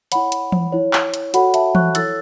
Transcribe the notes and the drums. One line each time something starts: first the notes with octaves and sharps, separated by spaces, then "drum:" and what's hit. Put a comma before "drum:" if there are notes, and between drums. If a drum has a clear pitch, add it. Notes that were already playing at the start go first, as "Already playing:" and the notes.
E4 C#5 F#5 B5, drum: hi-hat
drum: hi-hat
drum: tom E3
E4 C#5
drum: clap
drum: hi-hat
F#4 A4 C#5 F#5 B5, drum: hi-hat
E5 A5, drum: hi-hat
C#6 F#6, drum: tom E3
E4 A4 C#5 E6 A6, drum: hi-hat